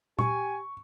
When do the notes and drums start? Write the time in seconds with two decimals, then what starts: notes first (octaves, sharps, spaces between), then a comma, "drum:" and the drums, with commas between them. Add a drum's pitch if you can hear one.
0.19 G4 G#5 C#6, drum: tom A#2